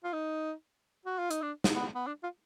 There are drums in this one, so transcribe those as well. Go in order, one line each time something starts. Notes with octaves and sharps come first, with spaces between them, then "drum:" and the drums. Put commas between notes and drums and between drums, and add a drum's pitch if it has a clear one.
F4
D#4
F#4
F4
D#4, drum: hi-hat
D4
drum: snare
B3
B3
D4
F4